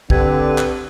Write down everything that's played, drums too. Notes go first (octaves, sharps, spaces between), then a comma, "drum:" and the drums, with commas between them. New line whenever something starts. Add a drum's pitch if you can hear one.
D3 C4 G4 B4 G#6, drum: kick
drum: clap